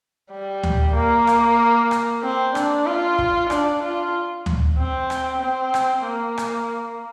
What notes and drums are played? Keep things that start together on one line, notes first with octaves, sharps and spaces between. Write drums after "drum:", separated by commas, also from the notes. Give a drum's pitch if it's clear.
G3
drum: tom D2
A#3
drum: rim click
drum: rim click
C4
D4, drum: rim click
F4
drum: kick
D4, drum: rim click
F4
drum: tom D2
C4
drum: rim click
C4
drum: rim click
A#3
drum: rim click